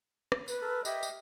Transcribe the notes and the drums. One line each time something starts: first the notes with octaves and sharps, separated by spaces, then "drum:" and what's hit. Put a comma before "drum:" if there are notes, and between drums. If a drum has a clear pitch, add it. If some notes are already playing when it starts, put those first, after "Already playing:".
drum: rim click
B4, drum: tambourine
A4 A#4
G4 D#5 E5, drum: tambourine
drum: tambourine